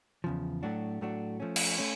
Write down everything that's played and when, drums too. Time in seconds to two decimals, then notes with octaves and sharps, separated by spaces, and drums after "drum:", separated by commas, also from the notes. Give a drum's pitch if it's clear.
0.24 E2 C#3 F3
0.63 A2 F#3 A3 D4 F#4
1.01 A2 F#3 A3 D4 F#4
1.40 F3 A3 C#4
1.56 drum: cymbal
1.78 A3 C#4